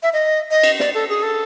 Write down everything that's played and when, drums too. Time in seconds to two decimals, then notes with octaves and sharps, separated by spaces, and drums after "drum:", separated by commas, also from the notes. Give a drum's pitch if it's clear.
0.03 E5
0.13 D#5
0.51 D#5
0.63 drum: cymbal
0.80 D5, drum: snare
0.94 A4
1.09 G#4
1.23 A4